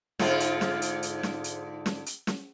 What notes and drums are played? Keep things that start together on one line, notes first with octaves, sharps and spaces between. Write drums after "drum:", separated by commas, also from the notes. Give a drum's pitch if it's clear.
G#2 D3 F4, drum: snare
drum: hi-hat
drum: snare
drum: hi-hat
drum: hi-hat
drum: snare
drum: hi-hat
drum: snare
drum: hi-hat
drum: snare